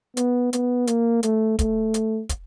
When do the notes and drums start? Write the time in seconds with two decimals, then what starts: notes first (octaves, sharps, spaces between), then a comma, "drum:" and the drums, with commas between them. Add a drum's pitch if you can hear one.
0.17 B3, drum: hi-hat
0.53 B3, drum: hi-hat
0.87 A#3, drum: hi-hat
1.23 A3, drum: hi-hat
1.59 A3, drum: kick, hi-hat
1.94 drum: hi-hat
2.29 drum: kick, hi-hat